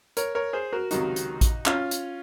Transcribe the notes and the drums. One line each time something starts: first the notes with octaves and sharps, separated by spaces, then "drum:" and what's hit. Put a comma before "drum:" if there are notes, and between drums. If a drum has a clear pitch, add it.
A#4 C#5, drum: hi-hat
A#4 C#5
G#4 C5
F#4 A#4
C#2 C3 D#3 F#3 D#4 F#4, drum: hi-hat
drum: hi-hat
drum: kick A1, hi-hat
C#4 F4, drum: clap
drum: hi-hat